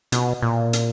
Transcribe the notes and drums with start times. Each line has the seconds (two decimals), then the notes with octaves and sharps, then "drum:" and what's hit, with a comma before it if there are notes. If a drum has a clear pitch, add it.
0.12 B2, drum: hi-hat
0.42 A#2
0.73 drum: hi-hat